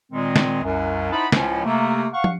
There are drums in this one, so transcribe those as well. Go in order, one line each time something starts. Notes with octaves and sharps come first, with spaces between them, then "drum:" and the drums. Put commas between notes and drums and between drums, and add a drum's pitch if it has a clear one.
A#2 D#3 G#3 C4
drum: snare
C2 F#2
D#4 E4 C5 F#5 A5 B5
C#2 A2 F3 C#4, drum: snare
C3 A3 A#3
F5 F#5 C#6
drum: tom